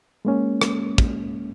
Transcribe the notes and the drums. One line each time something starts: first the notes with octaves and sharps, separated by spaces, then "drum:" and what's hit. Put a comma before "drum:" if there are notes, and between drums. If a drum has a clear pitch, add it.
G#3 A#3 C#4
drum: rim click
drum: kick